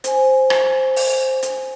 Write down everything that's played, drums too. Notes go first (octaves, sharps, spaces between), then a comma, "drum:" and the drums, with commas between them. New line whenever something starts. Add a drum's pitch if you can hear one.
C5 G#5, drum: hi-hat
drum: rim click
drum: open hi-hat
drum: hi-hat